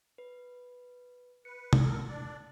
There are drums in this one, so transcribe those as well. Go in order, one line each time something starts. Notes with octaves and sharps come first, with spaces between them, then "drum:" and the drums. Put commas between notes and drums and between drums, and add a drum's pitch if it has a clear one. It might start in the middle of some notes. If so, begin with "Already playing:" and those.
B4
B4 C#7
drum: tom C3
A4 A#4
D4 D5